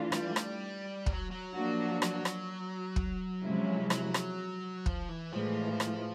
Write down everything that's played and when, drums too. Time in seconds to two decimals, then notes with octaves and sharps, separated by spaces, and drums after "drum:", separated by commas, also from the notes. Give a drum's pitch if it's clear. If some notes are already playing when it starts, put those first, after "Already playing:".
Already playing: E3 A3 D4 F4
0.12 G3, drum: rim click
0.36 drum: rim click
1.06 F#3, drum: kick
1.31 F#3
1.55 F3 A#3 D4 F#4
2.02 F#3, drum: rim click
2.25 drum: rim click
2.96 drum: kick
3.43 C3 F3 G#3 C#4 E4
3.90 F#3, drum: rim click
4.14 drum: rim click
4.86 F3, drum: kick
5.09 E3
5.32 A2 E3 F3 G#3
5.80 drum: rim click